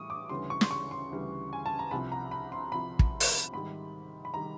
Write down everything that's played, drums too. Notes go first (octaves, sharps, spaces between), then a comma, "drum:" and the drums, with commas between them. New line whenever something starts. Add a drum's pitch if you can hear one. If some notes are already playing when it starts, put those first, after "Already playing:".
Already playing: A2 E3 G3 C#6 D#6
D6
D2 C#3 E3 G3 C6
C#6
C6, drum: snare
C#6
C6
D2 C#3 E3 G3
G#5
A5
A#5
C2 C3 F3 B5
A#5
B5
C6
C2 C3 F3 B5
drum: kick
drum: open hi-hat
G#2 D#3 G3 B5
B5
D#3 G3 A#5